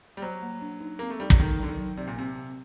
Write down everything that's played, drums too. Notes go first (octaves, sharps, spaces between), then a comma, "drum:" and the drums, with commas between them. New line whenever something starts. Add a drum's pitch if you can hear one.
G3
F#3 C5
A#3
D4
D#4
A#3 C4
A3
G3 D#4
F#3, drum: kick
D#3 A4
D3 F#3
D#3
F#3
C3 D5
A#2
C3 C4
C4